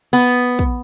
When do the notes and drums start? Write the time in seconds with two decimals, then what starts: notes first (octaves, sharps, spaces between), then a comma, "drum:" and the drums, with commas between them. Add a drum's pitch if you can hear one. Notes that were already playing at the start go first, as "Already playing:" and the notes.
0.13 B3
0.59 drum: kick